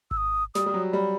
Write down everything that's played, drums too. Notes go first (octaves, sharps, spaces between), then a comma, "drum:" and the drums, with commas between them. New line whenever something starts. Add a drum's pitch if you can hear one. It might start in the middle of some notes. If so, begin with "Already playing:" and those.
E6, drum: kick G#1
D#6
G3 D#6, drum: snare
G3
F#3
G3 B5